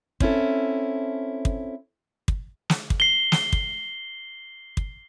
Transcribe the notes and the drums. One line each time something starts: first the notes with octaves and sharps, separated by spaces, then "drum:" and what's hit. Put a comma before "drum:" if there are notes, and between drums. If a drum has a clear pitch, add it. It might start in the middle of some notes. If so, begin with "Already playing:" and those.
C4 C#4 E4 A4, drum: kick
drum: kick
drum: kick
drum: snare
drum: kick
C7 G7
drum: snare
drum: kick
drum: kick